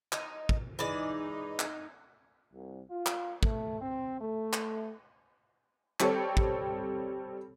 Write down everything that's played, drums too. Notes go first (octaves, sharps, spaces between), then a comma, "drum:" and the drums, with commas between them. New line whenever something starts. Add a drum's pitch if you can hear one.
D#4, drum: clap
drum: kick
E3 G#3 D#4 D5
drum: clap
C2
F4
drum: clap
A3, drum: kick
C4
A3
drum: clap
G3 C4 G4 A4 C#5, drum: clap
drum: kick